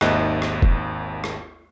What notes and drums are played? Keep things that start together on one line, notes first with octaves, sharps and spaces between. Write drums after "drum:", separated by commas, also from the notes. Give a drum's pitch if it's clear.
G#1 D#2 D#5 E5 F#6, drum: rim click
drum: rim click
drum: kick F1
drum: rim click